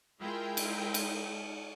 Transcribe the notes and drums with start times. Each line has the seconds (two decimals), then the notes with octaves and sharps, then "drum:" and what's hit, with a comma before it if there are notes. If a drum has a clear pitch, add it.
0.20 G#3 E4 F4 G#4 A#4 G5
0.57 drum: cymbal
0.94 drum: cymbal